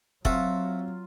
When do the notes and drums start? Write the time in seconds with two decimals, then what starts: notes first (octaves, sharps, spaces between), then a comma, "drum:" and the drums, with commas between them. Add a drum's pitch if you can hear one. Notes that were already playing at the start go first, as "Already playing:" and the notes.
0.25 F#3 C4 F4 F#4 E5 A5, drum: kick